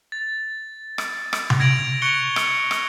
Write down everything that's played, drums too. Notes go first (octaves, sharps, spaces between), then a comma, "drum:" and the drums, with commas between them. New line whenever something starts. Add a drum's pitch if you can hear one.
A6
drum: rim click
drum: rim click
drum: tom C3
G#6 A#6 D7 F7 F#7
C#6 F#6 C#7 F7 G7
drum: rim click
drum: rim click